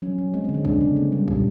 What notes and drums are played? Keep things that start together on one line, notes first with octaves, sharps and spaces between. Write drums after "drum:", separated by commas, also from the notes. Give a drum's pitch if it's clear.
F#3 C#4
F#3
G#3 C4
C4
D3
C#4
G#3 D4, drum: kick
C#3 C4
A#3 B3
G3
A#2, drum: kick